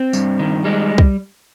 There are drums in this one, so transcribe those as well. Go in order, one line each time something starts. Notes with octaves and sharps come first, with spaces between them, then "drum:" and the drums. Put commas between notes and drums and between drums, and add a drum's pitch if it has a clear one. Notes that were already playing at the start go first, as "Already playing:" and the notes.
Already playing: C4
G2, drum: tambourine
D#3
G3 G#3
drum: kick C2